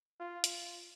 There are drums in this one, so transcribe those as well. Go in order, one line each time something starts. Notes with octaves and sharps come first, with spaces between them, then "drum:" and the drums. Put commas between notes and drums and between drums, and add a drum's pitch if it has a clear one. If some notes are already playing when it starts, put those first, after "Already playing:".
F4
drum: hi-hat